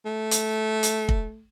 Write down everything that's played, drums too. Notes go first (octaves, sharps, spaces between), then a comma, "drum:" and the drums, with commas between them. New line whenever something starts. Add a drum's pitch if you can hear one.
A3
drum: hi-hat
drum: hi-hat
drum: kick